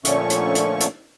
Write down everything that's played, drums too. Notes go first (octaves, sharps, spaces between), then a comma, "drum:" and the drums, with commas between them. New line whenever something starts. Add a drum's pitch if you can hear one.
A#2 D3 F3 A3 C#4 C#6, drum: hi-hat
drum: hi-hat
drum: hi-hat
drum: hi-hat